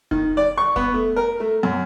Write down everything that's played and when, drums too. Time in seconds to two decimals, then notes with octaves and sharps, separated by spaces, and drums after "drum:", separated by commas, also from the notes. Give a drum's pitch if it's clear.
0.11 D#3, drum: kick F1
0.37 D5
0.58 C#6
0.76 B3, drum: kick F1
0.94 A3
1.16 A#4
1.40 A3
1.63 F#2